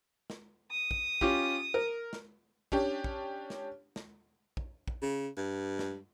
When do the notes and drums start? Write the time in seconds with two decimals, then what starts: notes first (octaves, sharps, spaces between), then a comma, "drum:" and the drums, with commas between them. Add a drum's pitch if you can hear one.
0.30 drum: snare
0.71 D#6
0.91 drum: kick
1.21 C#4 F4 G4, drum: kick
1.74 A#4
2.13 drum: snare
2.72 C#4 D4 G4, drum: kick
3.04 drum: kick
3.50 drum: snare
3.96 drum: snare
4.57 drum: kick
4.88 drum: kick
5.02 C#3
5.37 G2
5.79 drum: snare